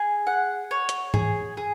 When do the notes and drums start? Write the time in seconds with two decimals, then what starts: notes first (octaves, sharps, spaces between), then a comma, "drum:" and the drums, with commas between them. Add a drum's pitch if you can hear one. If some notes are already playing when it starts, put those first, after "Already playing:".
Already playing: G#4
0.27 F#5
0.71 C#5
0.89 drum: hi-hat
1.14 G#4, drum: tom G#2
1.57 G#4